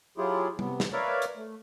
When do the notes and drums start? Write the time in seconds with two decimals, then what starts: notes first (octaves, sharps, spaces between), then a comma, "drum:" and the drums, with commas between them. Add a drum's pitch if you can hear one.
0.18 F#3 E4 F4 G4 G#4
0.59 C3 B3, drum: tom G3
0.80 drum: snare
0.93 A#4 B4 C#5 D5 E5 F5
1.22 drum: hi-hat
1.36 A3